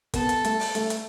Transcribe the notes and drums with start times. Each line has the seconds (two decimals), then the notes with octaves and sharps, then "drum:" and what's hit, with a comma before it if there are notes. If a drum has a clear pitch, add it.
0.14 B3 A4, drum: kick, hi-hat
0.29 drum: hi-hat
0.45 A3, drum: hi-hat
0.60 drum: open hi-hat
0.75 A3, drum: hi-hat
0.90 drum: hi-hat